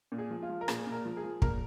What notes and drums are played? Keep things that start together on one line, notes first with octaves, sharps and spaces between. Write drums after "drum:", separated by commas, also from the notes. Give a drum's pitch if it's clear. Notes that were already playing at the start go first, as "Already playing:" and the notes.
A#2
G#4
F3
F4
F3
A#4
A#2 G#4, drum: rim click
A#2
A#4
F3
G#4
F3
A#2 A#4, drum: kick